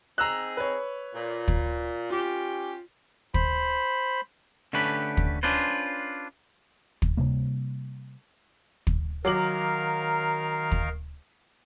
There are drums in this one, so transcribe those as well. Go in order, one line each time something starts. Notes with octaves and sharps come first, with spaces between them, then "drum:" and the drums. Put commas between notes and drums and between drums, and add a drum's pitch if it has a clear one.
C4 D#4 G#4 A#5 E6 F#6
B4 C#5
A#2
drum: kick
C#4 F4 G4
C5 B5, drum: kick
D3 A3 C#4 G4 B4
drum: kick
C#4 D4 F4 B4 C5
drum: kick
C3 G3 A#3
drum: kick
D#3 F#3 A#4 F5 A#5 D6 F#7
drum: kick